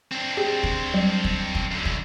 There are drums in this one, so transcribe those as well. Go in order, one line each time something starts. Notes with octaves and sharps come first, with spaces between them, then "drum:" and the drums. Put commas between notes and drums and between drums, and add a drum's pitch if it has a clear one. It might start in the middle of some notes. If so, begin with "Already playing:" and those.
C4 D4
G4 G#4 G5
drum: kick
F#3 G3
drum: kick
drum: kick
F#2 D3
drum: kick